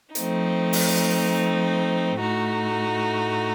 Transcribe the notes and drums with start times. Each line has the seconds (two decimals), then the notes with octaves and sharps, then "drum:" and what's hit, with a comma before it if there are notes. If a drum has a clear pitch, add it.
0.15 F3 A3 C4 D#4, drum: hi-hat
0.73 drum: open hi-hat
2.18 A2 A3 D#4 F#4